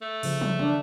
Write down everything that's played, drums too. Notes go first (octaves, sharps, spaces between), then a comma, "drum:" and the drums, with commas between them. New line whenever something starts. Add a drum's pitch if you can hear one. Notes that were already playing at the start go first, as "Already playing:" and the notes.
A3
C#3 F3, drum: open hi-hat
drum: tom
D4, drum: tom